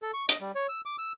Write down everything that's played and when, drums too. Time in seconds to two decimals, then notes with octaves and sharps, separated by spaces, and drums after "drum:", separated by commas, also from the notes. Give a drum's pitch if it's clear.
0.02 A4
0.14 C#6
0.29 D#5, drum: hi-hat
0.40 G3
0.55 C#5
0.69 E6
0.86 D6
0.98 E6